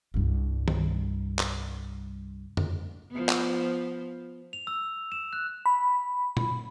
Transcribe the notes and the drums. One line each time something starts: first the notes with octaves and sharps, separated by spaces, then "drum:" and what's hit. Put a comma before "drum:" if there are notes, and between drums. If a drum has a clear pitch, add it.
C2 G2
drum: tom D#3
drum: clap
drum: tom F2
F3 B3
drum: clap
F7
E6
E7
F#6
B5
drum: tom A#2